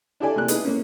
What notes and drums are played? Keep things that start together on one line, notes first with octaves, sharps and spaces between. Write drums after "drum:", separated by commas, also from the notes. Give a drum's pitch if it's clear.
D4 E4 G4 A4 D5 G#5
C3 A#3 F#6
D#4 E4 G#4 B4, drum: hi-hat
A#3 C#4